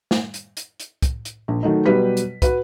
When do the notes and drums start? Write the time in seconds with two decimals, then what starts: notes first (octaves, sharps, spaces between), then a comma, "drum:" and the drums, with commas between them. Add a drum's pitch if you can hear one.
0.11 drum: snare
0.34 drum: hi-hat
0.57 drum: hi-hat
0.80 drum: hi-hat
1.02 drum: kick, hi-hat
1.25 drum: hi-hat
1.48 A#1
1.63 D#3 F#3 A3 D#4
1.86 B2 F#3 G3 G4 B4 B6
2.17 drum: hi-hat
2.42 F#4 B4, drum: kick, hi-hat